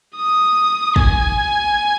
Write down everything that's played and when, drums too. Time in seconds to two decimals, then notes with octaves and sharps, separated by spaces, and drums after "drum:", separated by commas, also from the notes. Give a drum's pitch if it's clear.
0.16 D#6
0.96 G#5, drum: kick